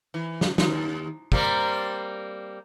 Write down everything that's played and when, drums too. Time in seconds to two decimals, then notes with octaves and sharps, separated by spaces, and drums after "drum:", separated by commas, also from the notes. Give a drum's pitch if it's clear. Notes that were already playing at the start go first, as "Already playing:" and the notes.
0.14 E3
0.41 drum: snare
0.58 D#2, drum: snare
1.32 G3 A#3 C4, drum: kick